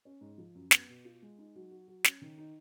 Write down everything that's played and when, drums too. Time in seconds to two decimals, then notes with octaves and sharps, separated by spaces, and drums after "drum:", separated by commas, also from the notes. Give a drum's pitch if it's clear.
0.05 C#4
0.21 G#2
0.38 F3
0.55 F#2
0.71 B3, drum: snare
0.89 B2
1.05 F4
1.22 G#3
1.38 D#4
1.55 F#3
1.71 F#4
1.88 F#3
2.04 C#4, drum: snare
2.22 D#3
2.38 D#4